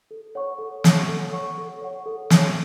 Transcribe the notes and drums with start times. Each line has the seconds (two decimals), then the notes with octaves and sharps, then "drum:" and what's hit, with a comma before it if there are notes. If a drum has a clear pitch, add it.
0.11 A4
0.35 C#5 F#5 C#6
0.59 A4
0.84 C#5 F#5 C#6, drum: snare
1.08 A4
1.33 C#5 F#5 C#6
1.58 A4
1.81 C#5 F#5 C#6
2.06 A4
2.30 C#5 G#5 C#6, drum: snare